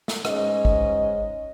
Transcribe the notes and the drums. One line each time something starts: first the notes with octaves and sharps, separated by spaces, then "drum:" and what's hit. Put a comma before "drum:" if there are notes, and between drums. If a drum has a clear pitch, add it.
drum: snare
G#2 G#3 C#4 D#5, drum: rim click
drum: kick